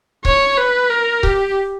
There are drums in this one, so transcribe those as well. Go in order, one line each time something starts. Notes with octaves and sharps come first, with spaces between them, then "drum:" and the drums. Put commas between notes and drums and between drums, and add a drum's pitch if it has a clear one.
C#5, drum: kick C#1
B4
A#4
G4, drum: kick C#1